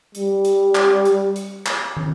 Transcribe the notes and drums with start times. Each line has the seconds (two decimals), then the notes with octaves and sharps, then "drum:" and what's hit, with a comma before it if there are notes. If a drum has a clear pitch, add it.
0.15 G3, drum: hi-hat
0.45 drum: hi-hat
0.75 drum: clap
1.05 drum: hi-hat
1.36 drum: hi-hat
1.66 drum: clap
1.97 drum: tom